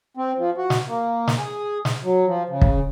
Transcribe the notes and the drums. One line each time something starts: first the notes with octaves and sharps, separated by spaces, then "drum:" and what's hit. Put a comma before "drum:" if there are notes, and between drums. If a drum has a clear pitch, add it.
C4
F3
F#4
drum: snare
A#3
drum: snare
G#4
drum: snare
F#3
F3
C#3
drum: kick